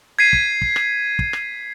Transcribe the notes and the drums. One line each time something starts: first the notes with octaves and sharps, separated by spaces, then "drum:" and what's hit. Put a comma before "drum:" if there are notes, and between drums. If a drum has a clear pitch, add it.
G#6 B6 C7 D#7
drum: kick
drum: kick
drum: rim click
drum: kick
drum: rim click